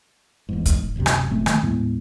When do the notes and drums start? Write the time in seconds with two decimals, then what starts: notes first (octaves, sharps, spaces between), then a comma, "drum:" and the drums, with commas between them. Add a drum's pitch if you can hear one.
0.49 F1 E2 G#2
0.66 drum: kick, hi-hat
0.96 D1 G#1 F#2 C3
1.06 drum: rim click
1.30 F#1 A#2 A3 C4
1.46 D#3 A3, drum: rim click
1.63 D#2 A2 G#3 B3